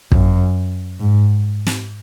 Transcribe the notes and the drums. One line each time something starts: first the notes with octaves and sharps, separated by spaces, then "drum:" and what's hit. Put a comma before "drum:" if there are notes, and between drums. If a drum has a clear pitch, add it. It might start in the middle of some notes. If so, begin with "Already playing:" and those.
F#2, drum: kick
G#2
drum: snare